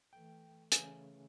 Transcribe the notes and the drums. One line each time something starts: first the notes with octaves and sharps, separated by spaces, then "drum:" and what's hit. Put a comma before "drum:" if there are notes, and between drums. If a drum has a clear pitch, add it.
E3 A3 G5
C#3 E3 A3 C#4 G#5, drum: hi-hat